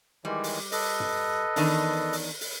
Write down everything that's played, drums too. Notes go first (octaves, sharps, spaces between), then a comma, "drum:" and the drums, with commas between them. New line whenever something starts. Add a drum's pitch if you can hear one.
D#3 E3 G3 G#3
drum: open hi-hat
A4 B4 D#5, drum: open hi-hat
drum: tom
E2 D#3 D4, drum: open hi-hat
drum: open hi-hat
drum: open hi-hat